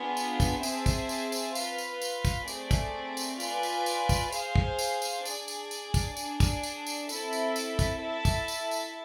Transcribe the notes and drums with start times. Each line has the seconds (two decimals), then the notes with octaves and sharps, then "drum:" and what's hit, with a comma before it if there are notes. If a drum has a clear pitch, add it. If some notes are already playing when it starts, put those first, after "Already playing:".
Already playing: B3 D4 F4 G#4
0.17 drum: tambourine
0.40 drum: kick, tambourine
0.63 C4 G#4 C5 E5 A5, drum: tambourine
0.86 drum: kick, tambourine
1.09 drum: tambourine
1.32 drum: tambourine
1.55 F4 B4 F5, drum: tambourine
1.78 drum: tambourine
2.01 drum: tambourine
2.25 drum: kick, tambourine
2.48 A3 C4 G#4 D5, drum: tambourine
2.71 drum: kick, tambourine
3.17 drum: tambourine
3.40 F4 B4 D5 G#5, drum: tambourine
3.63 drum: tambourine
3.86 drum: tambourine
4.09 drum: kick, tambourine
4.32 G#4 C5 F5, drum: tambourine
4.56 drum: kick
4.79 drum: tambourine
5.02 drum: tambourine
5.25 D4 G#4 D5, drum: tambourine
5.48 drum: tambourine
5.71 drum: tambourine
5.94 drum: kick, tambourine
6.17 D4 G#4 D5, drum: tambourine
6.40 drum: kick, tambourine
6.63 drum: tambourine
6.86 drum: tambourine
7.09 C4 E4 A4 E5, drum: tambourine
7.33 drum: tambourine
7.56 drum: tambourine
7.79 drum: kick, tambourine
8.02 E4 A4 E5 A5
8.25 drum: kick, tambourine
8.48 drum: tambourine
8.71 drum: tambourine